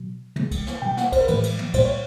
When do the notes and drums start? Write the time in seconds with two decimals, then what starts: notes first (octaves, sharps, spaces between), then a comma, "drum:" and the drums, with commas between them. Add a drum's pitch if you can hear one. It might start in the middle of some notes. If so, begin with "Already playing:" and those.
Already playing: B2 F#3
0.36 C#3 F3 G#3, drum: tom
0.51 drum: kick, cymbal
0.67 drum: snare
0.82 B2 G3 G5
0.97 F#5, drum: snare
1.12 C5, drum: kick, cymbal
1.21 A#4
1.28 A2 E3 G#3 B4, drum: cymbal
1.43 drum: cymbal
1.59 drum: tom
1.74 A#2 G3 C5, drum: kick, cymbal
1.85 C#5